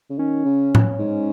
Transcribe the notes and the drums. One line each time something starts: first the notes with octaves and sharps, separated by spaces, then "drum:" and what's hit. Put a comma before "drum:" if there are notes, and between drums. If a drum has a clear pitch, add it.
C#3
D#3 C#4
C#3
drum: tom A2
G#2